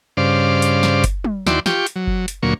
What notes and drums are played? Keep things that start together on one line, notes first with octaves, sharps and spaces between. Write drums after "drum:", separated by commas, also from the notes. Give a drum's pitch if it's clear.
G2 C#3 C5 D5 F5
drum: hi-hat
drum: snare
drum: kick F#1, hi-hat
drum: tom
D#2 E4 F#4 D5 G5 C6, drum: snare
F4 G4 G5 C#6, drum: snare
drum: hi-hat
F#3
drum: kick F#1
drum: hi-hat
D2 A#2 F#3 A#3 C#6